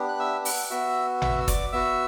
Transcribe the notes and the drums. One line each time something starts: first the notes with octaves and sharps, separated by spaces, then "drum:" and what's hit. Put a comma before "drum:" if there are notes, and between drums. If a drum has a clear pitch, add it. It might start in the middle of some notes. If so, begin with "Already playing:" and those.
Already playing: B3 D4 G4
F#6
E5 E6
F#5 F#6, drum: open hi-hat
B3 F#4 E5 E6
E5 E6, drum: tom A1
E6
D5 D6, drum: kick, hi-hat
B3 F#4 E5 E6